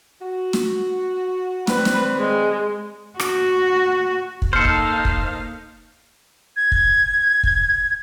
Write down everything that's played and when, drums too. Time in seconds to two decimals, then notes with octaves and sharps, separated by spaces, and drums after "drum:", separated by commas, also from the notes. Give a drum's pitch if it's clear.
0.22 F#4
0.53 drum: snare
1.67 D#3 G3 C4 B4, drum: snare
1.85 drum: snare
2.18 G#3
3.20 F#4, drum: rim click
4.42 drum: kick
4.53 A#3 D#4 A4 C5 F5 F6 C#7
4.65 drum: kick
5.05 drum: kick
6.57 G#6
6.72 drum: kick
7.43 drum: kick